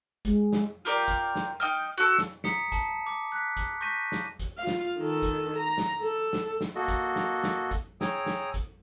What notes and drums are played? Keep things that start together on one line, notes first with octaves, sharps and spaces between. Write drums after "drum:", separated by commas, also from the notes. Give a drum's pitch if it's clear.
G#3, drum: kick, hi-hat
drum: snare
F4 G4 A#4 D5
drum: kick, hi-hat
drum: snare
D#4 G5 F6
F#4 A4
drum: snare
A#5 D#6 B6 C#7, drum: snare
A5, drum: kick, hi-hat
D6
F#6 B6
drum: kick, hi-hat
C#6 G6 A#6 B6 D#7
drum: snare
drum: kick, hi-hat
F4 F5
drum: snare
D#3 A4
drum: kick, hi-hat
A#5
drum: snare
A4
drum: snare
drum: snare
A#3 F#4 A4 D#5
drum: kick, hi-hat
drum: snare
drum: snare
drum: kick, hi-hat
G#4 C#5 G5 A#5 D#6 E6, drum: snare
drum: snare
drum: kick, hi-hat